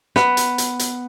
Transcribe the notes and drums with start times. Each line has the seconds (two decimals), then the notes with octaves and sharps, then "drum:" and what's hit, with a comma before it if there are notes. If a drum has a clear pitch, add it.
0.16 B3, drum: snare
0.37 drum: hi-hat
0.58 drum: hi-hat
0.79 drum: hi-hat